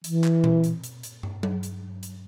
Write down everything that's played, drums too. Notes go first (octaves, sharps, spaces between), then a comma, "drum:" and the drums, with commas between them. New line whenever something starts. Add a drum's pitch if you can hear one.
E3, drum: hi-hat
drum: clap
drum: tom A#2
drum: hi-hat
drum: hi-hat
drum: hi-hat
drum: tom
drum: tom F#3
drum: hi-hat
drum: hi-hat